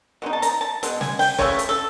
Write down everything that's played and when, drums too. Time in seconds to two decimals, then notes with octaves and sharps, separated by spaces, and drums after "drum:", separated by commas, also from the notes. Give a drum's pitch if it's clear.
0.22 B2 G#3 D#4
0.33 A5
0.42 A#5, drum: hi-hat
0.61 A5
0.83 B2 G#3, drum: hi-hat
1.01 G#5, drum: snare
1.19 G5, drum: open hi-hat
1.39 C#3 E3 A3 C#5, drum: kick
1.59 drum: hi-hat
1.69 A4